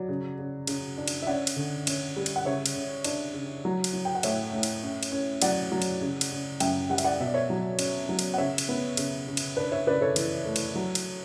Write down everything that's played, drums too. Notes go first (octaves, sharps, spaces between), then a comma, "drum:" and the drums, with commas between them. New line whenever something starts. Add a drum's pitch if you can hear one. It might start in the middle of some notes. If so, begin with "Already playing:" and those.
Already playing: F#3 D5
C#3
C#3
C#3, drum: cymbal
D4
drum: cymbal
E5
C#4 D5 F#5
drum: cymbal
D3
C#4, drum: cymbal
G3
drum: cymbal
F#5
C#3 C#5 E5
drum: cymbal
C#3
D4, drum: cymbal
C#3
F#3
drum: cymbal
F#3
G5
F#5
A2 C#5 E5, drum: cymbal
A2
drum: cymbal
C#4
drum: cymbal
C#4
F#3 D5 F#5, drum: cymbal
F#3
drum: cymbal
C#3
drum: cymbal
C#3
F#2 E5 G5, drum: cymbal
G3 F#5
E5, drum: cymbal
D5 F#5
B2 E5
D5
C#5 E5
F#3
C#4, drum: cymbal
F#3
drum: cymbal
F#5
C#3 C#5 E5
drum: cymbal
B3
C#3, drum: cymbal
C#3
drum: cymbal
D4 B4 D5
C#5 E5
C#3 B4 D5
A4 C#5
E3, drum: cymbal
A3
drum: cymbal
F#3
drum: cymbal